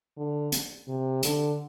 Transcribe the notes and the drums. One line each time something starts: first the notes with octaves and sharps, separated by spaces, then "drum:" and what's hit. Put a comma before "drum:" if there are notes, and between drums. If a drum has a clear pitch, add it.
D3
drum: hi-hat
C3
D3, drum: hi-hat